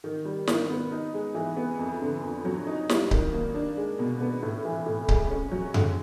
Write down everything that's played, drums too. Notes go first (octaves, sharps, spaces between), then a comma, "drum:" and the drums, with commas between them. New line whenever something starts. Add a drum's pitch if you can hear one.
D#3
G3
D#3, drum: snare
B3
D#4
G#3
E3
B3
F2
D3
F2
F#3
D#4
G3, drum: snare
D#3, drum: kick C#1
A#3
D4
G#3
B2
B3
A2
E3
A2
G#3, drum: kick C#1
C#4
F#3
D3, drum: tom F#2